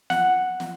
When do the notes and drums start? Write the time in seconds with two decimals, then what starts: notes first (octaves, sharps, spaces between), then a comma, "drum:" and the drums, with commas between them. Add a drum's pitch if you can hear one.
0.10 F#5, drum: snare
0.60 drum: snare